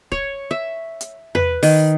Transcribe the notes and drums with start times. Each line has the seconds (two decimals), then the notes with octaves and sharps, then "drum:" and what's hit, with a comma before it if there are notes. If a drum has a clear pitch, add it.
0.12 C#5, drum: kick
0.51 E5
1.01 drum: hi-hat
1.35 B4, drum: tom E2
1.63 D#3, drum: open hi-hat